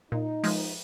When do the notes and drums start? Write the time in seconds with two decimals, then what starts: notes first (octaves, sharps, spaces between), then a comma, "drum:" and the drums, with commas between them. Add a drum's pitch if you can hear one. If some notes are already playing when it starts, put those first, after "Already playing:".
0.12 A#2 D#4
0.44 F3 G#3, drum: open hi-hat